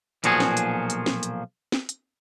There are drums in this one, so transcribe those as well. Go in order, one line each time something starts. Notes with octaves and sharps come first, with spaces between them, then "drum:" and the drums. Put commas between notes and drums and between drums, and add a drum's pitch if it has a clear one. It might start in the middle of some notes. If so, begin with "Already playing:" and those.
B1 A#2 F3 F#4 G#4 G#5, drum: hi-hat
drum: snare
drum: hi-hat
drum: hi-hat
drum: snare
drum: hi-hat
drum: snare
drum: hi-hat